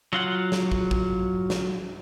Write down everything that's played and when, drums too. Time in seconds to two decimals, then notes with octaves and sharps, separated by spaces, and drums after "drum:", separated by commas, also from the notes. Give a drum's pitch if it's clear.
0.13 F#3 F4 F#5
0.52 drum: snare
0.72 drum: kick
0.91 drum: kick
1.50 drum: snare